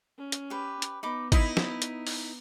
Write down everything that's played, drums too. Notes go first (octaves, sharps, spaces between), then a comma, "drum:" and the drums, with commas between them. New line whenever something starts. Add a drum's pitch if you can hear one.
C#4
drum: hi-hat
G4 B4
drum: hi-hat
B3 D#4 B5 D6
D#4 E4 D#5, drum: kick G#1, hi-hat
drum: snare
drum: hi-hat
drum: open hi-hat